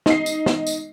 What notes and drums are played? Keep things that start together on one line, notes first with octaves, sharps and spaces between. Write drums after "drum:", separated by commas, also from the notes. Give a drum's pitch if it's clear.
D#4 C7, drum: snare
drum: tambourine
drum: snare
drum: tambourine